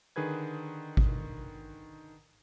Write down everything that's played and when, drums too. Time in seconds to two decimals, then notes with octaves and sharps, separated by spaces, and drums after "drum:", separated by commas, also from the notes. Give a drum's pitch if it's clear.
0.16 D3 D#3 G#4 B4 G#6
0.97 drum: kick G#1